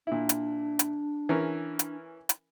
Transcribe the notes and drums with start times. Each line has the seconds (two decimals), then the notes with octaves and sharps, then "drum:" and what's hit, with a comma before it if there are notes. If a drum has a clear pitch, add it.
0.07 A#2 D4 E4
0.29 drum: hi-hat
0.79 drum: hi-hat
1.29 E3 C#4 A#4
1.79 drum: hi-hat
2.29 drum: hi-hat